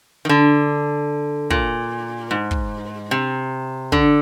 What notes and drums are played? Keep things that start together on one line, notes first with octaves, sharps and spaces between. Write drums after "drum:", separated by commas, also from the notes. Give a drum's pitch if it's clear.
D#3
D3
A#2, drum: kick
G#2
drum: kick
C3
D3, drum: kick